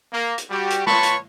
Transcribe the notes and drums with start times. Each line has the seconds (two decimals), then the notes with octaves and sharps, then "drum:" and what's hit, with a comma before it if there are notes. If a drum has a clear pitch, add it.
0.13 A#3
0.38 drum: hi-hat
0.51 G3 F#4 G4
0.70 drum: hi-hat
0.87 F4 B4 C#5 A5 B5 C#6, drum: snare
1.03 drum: hi-hat